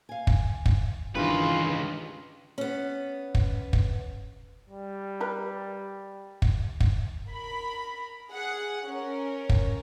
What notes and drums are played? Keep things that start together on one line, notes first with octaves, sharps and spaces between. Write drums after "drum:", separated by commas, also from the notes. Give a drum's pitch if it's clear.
F5 G#5
drum: kick
drum: kick
C#2 G2 D#3 E3 D4 F4 G4 B4
B3 C#4
drum: kick
drum: kick
G3
G4 A#4 B4
drum: kick
drum: kick
A#4 B5
G#4 F#5
C#4 A#4
drum: kick